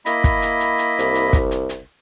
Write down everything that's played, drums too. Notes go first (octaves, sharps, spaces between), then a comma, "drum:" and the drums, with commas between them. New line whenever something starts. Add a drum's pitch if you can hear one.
A#3 E4 D#5 B5, drum: hi-hat
drum: kick, hi-hat
drum: hi-hat
drum: hi-hat
drum: hi-hat
C2, drum: hi-hat
drum: hi-hat
drum: kick, hi-hat
drum: hi-hat
drum: hi-hat